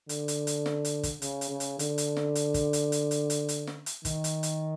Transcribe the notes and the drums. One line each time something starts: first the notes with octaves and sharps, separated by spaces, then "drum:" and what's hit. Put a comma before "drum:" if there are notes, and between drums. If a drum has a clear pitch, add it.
D3, drum: hi-hat
drum: hi-hat
drum: hi-hat
drum: snare
drum: hi-hat
drum: kick, hi-hat
C#3, drum: hi-hat
drum: hi-hat
C#3
drum: hi-hat
D3, drum: hi-hat
drum: hi-hat
drum: snare
drum: hi-hat
drum: kick, hi-hat
drum: hi-hat
drum: hi-hat
drum: hi-hat
drum: hi-hat
drum: hi-hat
drum: snare
drum: hi-hat
D#3, drum: kick, hi-hat
drum: hi-hat
drum: hi-hat